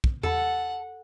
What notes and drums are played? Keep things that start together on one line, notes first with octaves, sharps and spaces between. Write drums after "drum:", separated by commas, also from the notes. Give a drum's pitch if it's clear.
drum: kick
A4 F#5, drum: tom E2